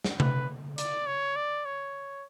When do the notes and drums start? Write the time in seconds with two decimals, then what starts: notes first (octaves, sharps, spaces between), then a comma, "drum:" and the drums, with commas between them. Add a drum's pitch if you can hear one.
0.04 drum: snare
0.20 B4, drum: tom C3
0.78 D5, drum: hi-hat
1.07 C#5
1.36 D5
1.65 C#5